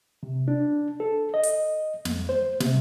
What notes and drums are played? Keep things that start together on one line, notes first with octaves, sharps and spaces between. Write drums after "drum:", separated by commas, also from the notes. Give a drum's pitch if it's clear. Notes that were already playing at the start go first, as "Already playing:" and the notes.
C3
D4
A4
D#5
drum: hi-hat
F2, drum: snare
C5
C3, drum: snare